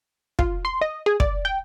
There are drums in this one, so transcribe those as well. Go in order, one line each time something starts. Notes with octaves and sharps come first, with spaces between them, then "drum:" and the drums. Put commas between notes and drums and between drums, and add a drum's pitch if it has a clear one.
F4, drum: kick
C6
D#5
G#4
D5, drum: kick
G5